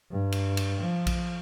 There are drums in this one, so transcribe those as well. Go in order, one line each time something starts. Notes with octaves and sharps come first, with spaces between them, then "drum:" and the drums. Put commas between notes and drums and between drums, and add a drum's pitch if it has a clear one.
G2
drum: cymbal
drum: cymbal
F3
drum: kick A#1, cymbal